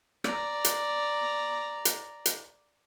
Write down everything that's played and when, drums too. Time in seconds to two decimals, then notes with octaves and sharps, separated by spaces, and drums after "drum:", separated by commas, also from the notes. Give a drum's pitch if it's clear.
0.24 D5 A#5, drum: rim click
0.65 drum: hi-hat
1.85 drum: hi-hat
2.26 drum: hi-hat